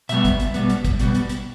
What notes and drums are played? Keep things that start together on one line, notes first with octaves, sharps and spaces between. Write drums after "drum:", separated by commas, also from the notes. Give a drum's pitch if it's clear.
B2 G3 B3 E5, drum: hi-hat
drum: kick, hi-hat
drum: hi-hat
B2 G3 B3, drum: hi-hat
drum: hi-hat
drum: kick, hi-hat
B2 G3 B3, drum: hi-hat
drum: hi-hat
drum: hi-hat